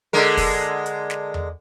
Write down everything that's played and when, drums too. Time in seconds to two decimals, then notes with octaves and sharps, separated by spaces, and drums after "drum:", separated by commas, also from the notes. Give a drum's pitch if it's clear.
0.13 D3 G#3 A#4
0.37 drum: kick, open hi-hat
0.86 drum: hi-hat
1.10 drum: snare
1.34 drum: tom E2